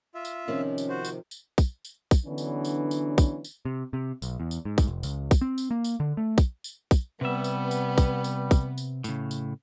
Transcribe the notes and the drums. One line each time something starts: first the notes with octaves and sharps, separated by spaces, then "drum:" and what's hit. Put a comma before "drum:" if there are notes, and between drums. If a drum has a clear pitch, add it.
F4 E5
drum: tambourine
C3 D#3 F3 C#4
drum: tambourine
F#4 C5
drum: tambourine
drum: tambourine
drum: kick, tambourine
drum: tambourine
drum: kick, tambourine
D3 E3 F#3 B3 C#4 D4
drum: tambourine
drum: tambourine
drum: tambourine
drum: kick, tambourine
drum: tambourine
C3
C3
B1, drum: tambourine
E2
drum: tambourine
G#2
drum: kick, tambourine
F1
C#2, drum: tambourine
drum: kick, tambourine
C4
drum: tambourine
A#3
drum: tambourine
D3
A3
drum: kick, tambourine
drum: tambourine
drum: kick, tambourine
C3 G3 B3 E5
drum: tambourine
drum: tambourine
drum: kick, tambourine
drum: tambourine
drum: kick, tambourine
drum: tambourine
A2 C#3, drum: tambourine
drum: tambourine